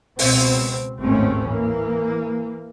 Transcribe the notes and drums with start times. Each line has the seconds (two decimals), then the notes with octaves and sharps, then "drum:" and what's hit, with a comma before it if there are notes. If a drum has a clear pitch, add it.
0.19 C#2 B2 C4, drum: open hi-hat
1.00 G#1 D#2 A2 A3 C4 C#4
1.49 E3 A#3